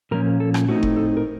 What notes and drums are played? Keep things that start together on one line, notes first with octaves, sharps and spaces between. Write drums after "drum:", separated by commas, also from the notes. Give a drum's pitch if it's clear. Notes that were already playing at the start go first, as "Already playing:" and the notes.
A#2 F3 A#3 C#4 A#4
A4
drum: rim click
A2 A3 C4 D#4 F#4
drum: kick F#1
A4
A#4